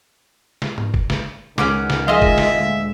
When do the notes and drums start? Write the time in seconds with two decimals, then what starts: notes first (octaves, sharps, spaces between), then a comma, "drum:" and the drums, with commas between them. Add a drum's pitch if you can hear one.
0.62 drum: snare
0.78 drum: tom G#2
0.94 drum: kick
1.10 drum: snare
1.58 C#2 D#3 C#4 F#5 D6, drum: snare
1.90 drum: snare
2.08 F4 G#4 D#5 E5, drum: tom F3
2.22 drum: kick
2.38 drum: snare
2.54 D2 A#2 G#3